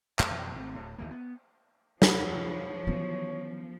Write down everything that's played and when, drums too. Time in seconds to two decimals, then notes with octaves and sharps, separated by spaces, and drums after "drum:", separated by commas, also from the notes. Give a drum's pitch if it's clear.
0.19 F2 G#3, drum: clap
0.30 F2 B2 E3 F#3
0.56 G#1 A3 C4
0.75 D1 A2
0.98 D2 E3 A#3
1.11 B3
2.02 F3 C#5 F#5 B5, drum: snare
2.87 D#3 E3 F#3 B3 C#4